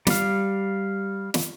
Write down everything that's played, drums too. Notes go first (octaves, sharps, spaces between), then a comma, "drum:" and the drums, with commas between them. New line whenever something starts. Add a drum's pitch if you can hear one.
G3 F5, drum: snare
drum: snare